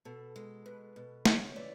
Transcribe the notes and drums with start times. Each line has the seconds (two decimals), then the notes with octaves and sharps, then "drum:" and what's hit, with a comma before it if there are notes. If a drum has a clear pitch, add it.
0.05 B2 A4
0.36 G#3
0.65 B2 B4
0.96 B2
1.25 C#3 C#5, drum: snare
1.56 E3 D5